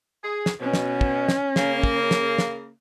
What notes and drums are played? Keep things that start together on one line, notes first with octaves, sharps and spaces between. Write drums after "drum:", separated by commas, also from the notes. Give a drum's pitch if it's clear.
G#4
drum: snare
B2 C#4
drum: snare
drum: kick
drum: snare
C#3 A#3, drum: snare
drum: kick
drum: snare
drum: snare